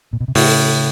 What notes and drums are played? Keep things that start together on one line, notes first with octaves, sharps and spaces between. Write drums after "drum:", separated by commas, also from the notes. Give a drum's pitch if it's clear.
A#2
B2
C3
A2 C#3, drum: open hi-hat